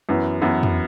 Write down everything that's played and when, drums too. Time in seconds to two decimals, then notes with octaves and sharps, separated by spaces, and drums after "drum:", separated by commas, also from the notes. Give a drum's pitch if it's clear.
0.09 F#2 E3 B3
0.41 F#2 E3 B3
0.63 drum: tom